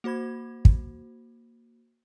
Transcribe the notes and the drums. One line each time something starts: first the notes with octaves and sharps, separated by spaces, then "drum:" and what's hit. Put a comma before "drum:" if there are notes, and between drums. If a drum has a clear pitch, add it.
A#3 F#4 C5 B5 G#6
drum: kick